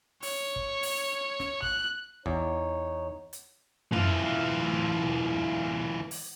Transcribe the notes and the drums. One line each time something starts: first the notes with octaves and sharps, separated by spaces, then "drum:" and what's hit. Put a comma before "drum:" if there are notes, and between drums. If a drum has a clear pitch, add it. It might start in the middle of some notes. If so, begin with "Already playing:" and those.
C#5, drum: open hi-hat
drum: kick
drum: open hi-hat
drum: snare
F#6, drum: kick
E2 D#4 C#5, drum: kick
drum: hi-hat
E3 F4, drum: tom
drum: open hi-hat